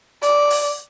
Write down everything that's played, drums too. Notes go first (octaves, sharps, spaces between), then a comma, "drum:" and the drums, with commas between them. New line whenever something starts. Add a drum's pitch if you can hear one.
D5, drum: hi-hat
drum: open hi-hat